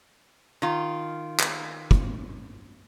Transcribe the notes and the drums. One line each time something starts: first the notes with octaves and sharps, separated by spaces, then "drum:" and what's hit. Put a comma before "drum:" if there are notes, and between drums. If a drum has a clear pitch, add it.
D#3 F4
drum: clap
drum: kick